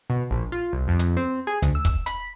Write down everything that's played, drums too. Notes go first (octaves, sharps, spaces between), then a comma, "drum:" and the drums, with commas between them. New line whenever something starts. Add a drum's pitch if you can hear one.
B2
A#1
F4
C2
F2
drum: hi-hat
C4
G#4
D2, drum: hi-hat
E6
drum: kick, hi-hat
B5, drum: hi-hat